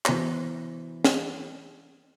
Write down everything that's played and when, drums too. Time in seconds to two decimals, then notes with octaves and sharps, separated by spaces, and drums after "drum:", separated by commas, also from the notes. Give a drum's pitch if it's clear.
0.05 E3 B3 F#4 C5, drum: clap
1.05 drum: snare